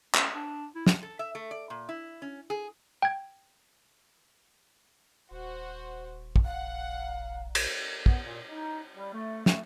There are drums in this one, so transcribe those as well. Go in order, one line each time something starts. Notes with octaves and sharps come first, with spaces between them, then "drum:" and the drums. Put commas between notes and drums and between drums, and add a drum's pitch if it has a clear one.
C#4, drum: clap
D4
E4
drum: snare
A4
E5
A3
D5
A#2
E4
C#4
G#4
G5 G#6
D#1 F#4 C5
drum: kick
A#1 F5 F#5
drum: cymbal
B3, drum: kick
A#2
D#4
G3
A3
A3, drum: snare